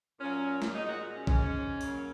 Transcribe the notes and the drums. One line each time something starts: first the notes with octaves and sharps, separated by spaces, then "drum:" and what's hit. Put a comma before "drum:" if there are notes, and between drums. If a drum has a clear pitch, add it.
A#2 F#3 A#3 C#4
drum: snare
A#2 G#3 D#4
F#4
C#4
G#2 G#3 C#4, drum: kick
C#3 F#3 A#3, drum: open hi-hat